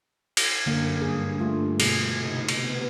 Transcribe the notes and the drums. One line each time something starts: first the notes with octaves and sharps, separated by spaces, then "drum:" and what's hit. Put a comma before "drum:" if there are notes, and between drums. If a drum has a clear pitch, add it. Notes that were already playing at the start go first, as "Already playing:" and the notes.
drum: cymbal
F#2 D3 A#3
G2 G#4
A3 F4
B2 G#4, drum: cymbal
C3 D#4
C3 B3, drum: cymbal